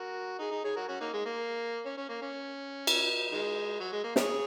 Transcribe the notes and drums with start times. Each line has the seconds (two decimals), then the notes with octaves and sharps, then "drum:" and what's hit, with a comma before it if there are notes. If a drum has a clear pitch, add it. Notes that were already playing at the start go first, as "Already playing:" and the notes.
Already playing: F#4 A#4
0.39 D#4 G#4
0.51 D#4 G#4
0.64 G#4 C#5
0.75 F#4 A#4
0.88 C#4 F#4
1.01 A#3 D#4
1.13 G#3
1.25 A#3
1.86 C#4
1.97 C#4
2.09 A#3
2.22 C#4
2.87 drum: cymbal
3.32 D#3 G#3
3.80 F#3
3.92 G#3
4.04 A#3
4.16 G#4 C#5, drum: snare